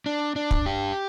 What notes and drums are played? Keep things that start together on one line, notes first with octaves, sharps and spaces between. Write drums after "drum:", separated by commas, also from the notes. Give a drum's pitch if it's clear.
D4
D4
drum: kick
G4